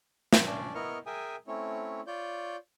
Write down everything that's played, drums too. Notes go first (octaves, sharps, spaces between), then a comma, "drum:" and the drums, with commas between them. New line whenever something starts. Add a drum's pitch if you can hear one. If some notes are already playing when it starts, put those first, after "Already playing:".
drum: snare
C#4 D4 D5
B3 E4 A#4 D#5 C#6 F6
G#4 A#4 E5 G5 G#5 D#6
A3 C4 C#4 E4 C#5
F4 C#5 D5 G6